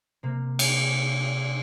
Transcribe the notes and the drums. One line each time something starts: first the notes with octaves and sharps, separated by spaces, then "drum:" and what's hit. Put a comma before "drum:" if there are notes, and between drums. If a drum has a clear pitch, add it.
C3 A#3
drum: cymbal